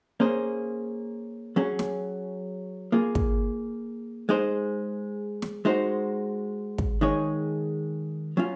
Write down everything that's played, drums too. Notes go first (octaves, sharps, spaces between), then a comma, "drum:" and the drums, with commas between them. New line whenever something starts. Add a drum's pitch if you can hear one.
A#3 C#4 G#4 C5
F#3 C#4 G#4
drum: snare
A#3 F4 G#4
drum: kick
G#3 D#4 G#4 C5
drum: snare
G#3 D#4 F#4 C5
drum: kick
D#3 G#3 D#4 G#4 C#5
F#3 C#4 F4